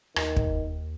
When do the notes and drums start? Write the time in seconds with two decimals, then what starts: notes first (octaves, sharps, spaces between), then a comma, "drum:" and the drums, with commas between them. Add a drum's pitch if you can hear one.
0.16 D#2 D#3, drum: rim click
0.37 drum: kick